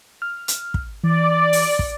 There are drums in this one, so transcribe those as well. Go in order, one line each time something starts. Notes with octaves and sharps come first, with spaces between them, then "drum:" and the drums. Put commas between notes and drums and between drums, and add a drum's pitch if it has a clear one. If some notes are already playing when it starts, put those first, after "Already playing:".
F6
drum: hi-hat
drum: kick
E3 D5
drum: open hi-hat
drum: kick